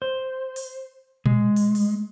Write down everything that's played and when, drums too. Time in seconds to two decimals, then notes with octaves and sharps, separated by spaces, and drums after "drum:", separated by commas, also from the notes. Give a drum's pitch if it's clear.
0.02 C5
0.56 drum: open hi-hat
1.26 G#3, drum: tom A#2
1.56 drum: open hi-hat
1.75 drum: open hi-hat